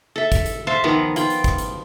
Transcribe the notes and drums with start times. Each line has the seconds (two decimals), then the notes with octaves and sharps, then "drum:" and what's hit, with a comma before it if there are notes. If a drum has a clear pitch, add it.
0.16 A4 E5
0.32 drum: kick, hi-hat
0.46 drum: hi-hat
0.67 C5 E5 F5 A5
0.84 D#3 F3 B3 A#5
1.16 F4 G5, drum: hi-hat
1.30 drum: hi-hat
1.44 drum: kick, hi-hat
1.58 drum: hi-hat